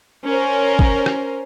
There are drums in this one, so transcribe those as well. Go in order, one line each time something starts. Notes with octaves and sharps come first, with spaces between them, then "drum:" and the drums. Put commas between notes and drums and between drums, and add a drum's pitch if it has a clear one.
C#4 A#4 C5
drum: kick
drum: rim click